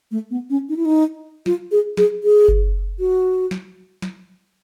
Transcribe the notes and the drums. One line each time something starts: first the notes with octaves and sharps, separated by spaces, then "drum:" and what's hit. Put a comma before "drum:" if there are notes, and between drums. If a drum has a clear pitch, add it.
A3
B3
C#4
D#4
E4
D#4
F4, drum: snare
G#4
G#4, drum: snare
G#4
drum: kick F#1
F#4
drum: snare
drum: snare